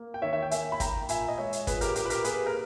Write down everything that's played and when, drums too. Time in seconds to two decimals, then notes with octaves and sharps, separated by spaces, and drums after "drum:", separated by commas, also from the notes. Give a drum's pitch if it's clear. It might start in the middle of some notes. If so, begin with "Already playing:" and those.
Already playing: A#3
0.14 G5
0.22 D#3 C#5 E5
0.33 E5
0.42 G5
0.51 A#3 E5 G#5, drum: hi-hat
0.72 B5
0.80 A#3 G5 A#5, drum: kick, hi-hat
1.09 A#2 E5 G#5, drum: hi-hat
1.28 D#5
1.38 G#3 C#5 E5
1.53 drum: hi-hat
1.67 A#2 G#4 B4, drum: kick, hi-hat
1.81 G4 A#4, drum: hi-hat
1.95 A#2 G4 A#4, drum: hi-hat
2.06 B4
2.10 G4 A#4, drum: hi-hat
2.24 A#3 G#4 B4, drum: hi-hat
2.46 A#4